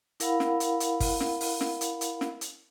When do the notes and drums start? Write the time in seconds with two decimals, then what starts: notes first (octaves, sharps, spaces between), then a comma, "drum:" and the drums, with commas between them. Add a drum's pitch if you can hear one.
0.20 E4 A#4 F5 F#5 B5, drum: hi-hat
0.40 drum: snare
0.60 drum: hi-hat
0.80 drum: hi-hat
1.00 drum: kick G1, open hi-hat
1.20 drum: snare
1.41 drum: open hi-hat
1.61 drum: snare
1.81 drum: hi-hat
2.01 drum: hi-hat
2.21 drum: snare
2.41 drum: hi-hat